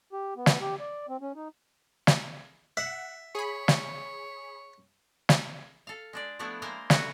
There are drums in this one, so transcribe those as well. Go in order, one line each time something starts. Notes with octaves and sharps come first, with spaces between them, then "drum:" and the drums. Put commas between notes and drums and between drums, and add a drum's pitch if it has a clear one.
G4
B3
drum: snare
G4
D5
C4
C#4
D#4
drum: snare
E5 F#5
G#4 C#5 B5
drum: snare
drum: snare
A4 F5
G#3 D4 D5
F3 A3 B3 D4 E4
G#3 A#3 A#4 C5 E5 F5
D3 F#3 C#4 E4 F#4 B4, drum: snare